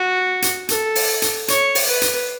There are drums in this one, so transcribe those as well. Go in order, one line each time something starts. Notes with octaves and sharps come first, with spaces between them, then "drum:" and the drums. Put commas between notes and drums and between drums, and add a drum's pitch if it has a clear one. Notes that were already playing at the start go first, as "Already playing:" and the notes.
Already playing: F#4
drum: hi-hat
A4, drum: hi-hat
drum: open hi-hat
drum: hi-hat
C#5, drum: hi-hat
drum: open hi-hat
B4
drum: hi-hat